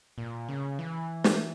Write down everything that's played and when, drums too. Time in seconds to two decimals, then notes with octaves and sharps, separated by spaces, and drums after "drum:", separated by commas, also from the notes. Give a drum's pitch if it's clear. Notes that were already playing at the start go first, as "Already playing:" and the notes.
0.18 A#2
0.49 C#3
0.79 E3
1.24 drum: snare